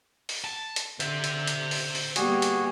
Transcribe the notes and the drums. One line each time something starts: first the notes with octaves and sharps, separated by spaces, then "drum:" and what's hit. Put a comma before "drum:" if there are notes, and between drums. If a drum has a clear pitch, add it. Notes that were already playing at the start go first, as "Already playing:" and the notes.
drum: open hi-hat
A5
drum: hi-hat
D3 C5 E5, drum: hi-hat
drum: hi-hat
drum: hi-hat
drum: open hi-hat
drum: open hi-hat
G3 A#3 B3 F#4 G#4, drum: hi-hat
drum: hi-hat